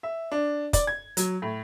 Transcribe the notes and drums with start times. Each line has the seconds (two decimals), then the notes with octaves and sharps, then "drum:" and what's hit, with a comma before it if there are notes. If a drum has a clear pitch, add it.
0.03 E5
0.32 D4
0.73 D5, drum: kick, hi-hat
0.87 G#6
1.17 F#3, drum: hi-hat
1.42 A2